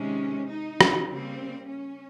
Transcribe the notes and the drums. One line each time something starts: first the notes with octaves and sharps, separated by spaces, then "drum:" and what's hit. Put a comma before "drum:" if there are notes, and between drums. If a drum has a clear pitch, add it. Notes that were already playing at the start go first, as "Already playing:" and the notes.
Already playing: C3 D#3 G#3 C#4
D#4
drum: rim click
C#3 G3 A#3 C4
C#4